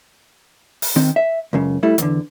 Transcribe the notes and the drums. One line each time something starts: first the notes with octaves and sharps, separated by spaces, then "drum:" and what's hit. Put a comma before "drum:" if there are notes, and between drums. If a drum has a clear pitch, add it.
drum: open hi-hat
D#3 C4
E5
C#2 F#2 C#3
G3 A3 E4
E2 D3, drum: hi-hat